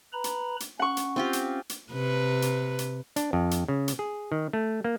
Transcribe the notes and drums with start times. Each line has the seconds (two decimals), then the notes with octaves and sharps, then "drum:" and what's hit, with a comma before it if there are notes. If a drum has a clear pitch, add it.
0.13 B4 A#5 B5
0.24 drum: hi-hat
0.60 drum: hi-hat
0.79 C#4 F#5 C#6
0.97 drum: hi-hat
1.16 C4 F4 G4
1.33 drum: hi-hat
1.69 drum: hi-hat
1.92 C3 B4
2.42 drum: hi-hat
2.79 drum: hi-hat
3.16 D4, drum: hi-hat
3.33 F2
3.51 drum: hi-hat
3.68 C#3
3.88 drum: hi-hat
3.99 G#4
4.32 D#3
4.53 A3
4.84 A#3